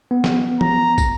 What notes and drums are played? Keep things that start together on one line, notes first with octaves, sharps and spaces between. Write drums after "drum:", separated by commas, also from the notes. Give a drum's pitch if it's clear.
B3
drum: snare
A#5, drum: tom
drum: kick, tambourine